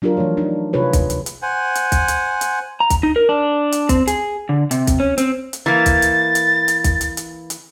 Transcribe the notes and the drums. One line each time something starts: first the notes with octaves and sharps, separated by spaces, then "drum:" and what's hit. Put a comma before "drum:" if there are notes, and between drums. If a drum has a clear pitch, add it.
F#3 D4 F4 G4 A#4
E3 F3 A3 C#5
D4 D#4
C3 F4 G#4 B4 C#5
drum: kick, hi-hat
drum: hi-hat
drum: hi-hat
C5 F#5 G#5
drum: hi-hat
drum: kick, hi-hat
drum: hi-hat
drum: hi-hat
A#5
drum: kick, hi-hat
D#4
A#4
D4
drum: hi-hat
C4, drum: kick, hi-hat
G#4, drum: hi-hat
D3
C3, drum: hi-hat
drum: kick, hi-hat
C#4
C4, drum: hi-hat
drum: hi-hat
E3 A#3 A6
drum: kick, hi-hat
drum: hi-hat
drum: hi-hat
drum: hi-hat
drum: kick, hi-hat
drum: hi-hat
drum: hi-hat
drum: hi-hat